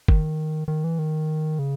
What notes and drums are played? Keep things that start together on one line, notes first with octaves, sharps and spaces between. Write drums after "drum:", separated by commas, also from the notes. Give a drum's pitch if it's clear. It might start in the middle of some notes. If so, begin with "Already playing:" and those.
D#3, drum: kick
D#3
E3
D#3
C#3